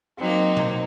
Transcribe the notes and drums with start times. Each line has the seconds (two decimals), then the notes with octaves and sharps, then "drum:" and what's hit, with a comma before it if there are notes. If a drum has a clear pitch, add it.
0.18 F#3 A#3 C4 D#4
0.57 drum: tom B2